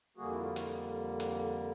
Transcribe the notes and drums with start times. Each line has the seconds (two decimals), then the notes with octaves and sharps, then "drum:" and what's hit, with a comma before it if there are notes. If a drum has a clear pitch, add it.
0.17 F2 D3 G3 A#3 F#4 G#4
0.30 E4 F#4
0.43 F4
0.56 F4, drum: hi-hat
1.20 drum: hi-hat